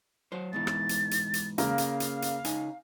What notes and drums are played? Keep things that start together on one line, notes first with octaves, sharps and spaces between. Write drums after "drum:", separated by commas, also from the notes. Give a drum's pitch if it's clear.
F#3 C5
G#2 B2 E3 A6
drum: rim click
drum: hi-hat
drum: hi-hat
drum: hi-hat
C#3 A#3 A#4 F5, drum: hi-hat
drum: hi-hat
drum: hi-hat
drum: hi-hat
C#3 D#4 G#5, drum: hi-hat